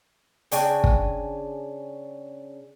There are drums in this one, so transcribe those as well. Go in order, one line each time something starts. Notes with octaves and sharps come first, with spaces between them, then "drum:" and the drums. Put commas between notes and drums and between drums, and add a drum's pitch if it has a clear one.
C#3 D4 G5 G#5, drum: hi-hat
drum: kick